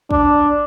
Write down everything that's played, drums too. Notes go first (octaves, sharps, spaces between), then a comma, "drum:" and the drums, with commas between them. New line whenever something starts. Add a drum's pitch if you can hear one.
D4, drum: kick